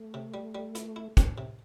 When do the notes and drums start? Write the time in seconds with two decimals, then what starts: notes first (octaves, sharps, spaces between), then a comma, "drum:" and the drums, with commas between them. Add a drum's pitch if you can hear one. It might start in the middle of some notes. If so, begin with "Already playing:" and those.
Already playing: A3
0.14 C3
0.34 G3
0.55 G3
0.75 E4, drum: hi-hat
0.96 E4
1.17 C4, drum: kick, hi-hat
1.38 C3